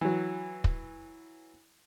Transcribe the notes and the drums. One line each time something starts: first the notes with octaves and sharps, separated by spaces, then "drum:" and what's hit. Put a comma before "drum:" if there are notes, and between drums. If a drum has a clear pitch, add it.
E3 F#3
drum: kick